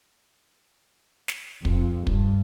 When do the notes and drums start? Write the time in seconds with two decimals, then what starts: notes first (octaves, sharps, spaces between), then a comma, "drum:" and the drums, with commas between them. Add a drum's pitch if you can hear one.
1.28 drum: snare
1.65 F2, drum: kick
2.07 G2, drum: kick